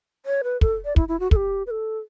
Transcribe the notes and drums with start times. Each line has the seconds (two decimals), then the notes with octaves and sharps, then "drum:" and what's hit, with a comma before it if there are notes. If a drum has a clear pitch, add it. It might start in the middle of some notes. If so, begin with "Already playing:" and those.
0.26 C#5
0.44 B4
0.61 A4, drum: kick
0.85 D5
0.96 E4, drum: kick
1.08 E4
1.20 F#4
1.31 A4, drum: kick
1.36 G4
1.67 B4
1.71 A4